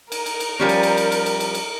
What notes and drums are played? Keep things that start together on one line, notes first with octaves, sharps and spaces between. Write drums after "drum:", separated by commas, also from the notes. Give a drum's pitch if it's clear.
A#4, drum: cymbal
drum: cymbal
drum: cymbal
F3 G3 C#4
drum: cymbal
drum: cymbal
drum: cymbal
drum: cymbal
drum: cymbal
drum: cymbal
drum: cymbal